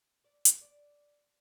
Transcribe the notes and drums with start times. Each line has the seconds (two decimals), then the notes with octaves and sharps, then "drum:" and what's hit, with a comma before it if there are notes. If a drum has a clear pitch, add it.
0.24 D5
0.45 drum: hi-hat
0.61 D5